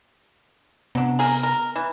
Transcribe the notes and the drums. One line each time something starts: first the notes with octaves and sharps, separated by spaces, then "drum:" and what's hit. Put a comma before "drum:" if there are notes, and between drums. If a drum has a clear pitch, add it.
C3 F#3 B3 D4
G#4 A#4, drum: open hi-hat
A#4
E3